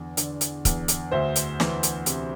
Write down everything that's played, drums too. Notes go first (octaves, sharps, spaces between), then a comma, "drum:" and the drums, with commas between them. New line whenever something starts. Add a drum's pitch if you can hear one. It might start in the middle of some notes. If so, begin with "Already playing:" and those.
Already playing: E2 D3
D3, drum: hi-hat
drum: hi-hat
E2, drum: kick C#1, hi-hat
drum: hi-hat
D2 C5 E5
drum: hi-hat
E3, drum: snare
drum: hi-hat
C3, drum: hi-hat